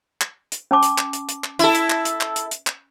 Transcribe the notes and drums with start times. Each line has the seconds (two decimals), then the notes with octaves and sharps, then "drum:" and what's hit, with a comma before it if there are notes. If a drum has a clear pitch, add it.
0.21 drum: clap
0.52 drum: hi-hat
0.71 C#4 A5 D6
0.83 drum: hi-hat
0.98 drum: clap
1.13 drum: hi-hat
1.29 drum: hi-hat
1.44 drum: clap
1.59 E4 A4, drum: hi-hat
1.75 drum: hi-hat
1.90 drum: clap
2.05 drum: hi-hat
2.21 drum: clap
2.36 drum: hi-hat
2.51 drum: hi-hat
2.67 drum: clap